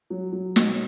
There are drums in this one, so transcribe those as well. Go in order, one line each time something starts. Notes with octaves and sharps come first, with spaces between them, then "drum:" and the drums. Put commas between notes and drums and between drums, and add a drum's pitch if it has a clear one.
F#3
F#3
B2, drum: snare